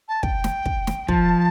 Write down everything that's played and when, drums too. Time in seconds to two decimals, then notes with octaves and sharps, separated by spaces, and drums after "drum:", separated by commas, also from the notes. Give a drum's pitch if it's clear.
0.09 A5
0.23 G5, drum: kick
0.44 drum: snare
0.66 drum: kick
0.87 drum: snare
1.08 F3 A5, drum: kick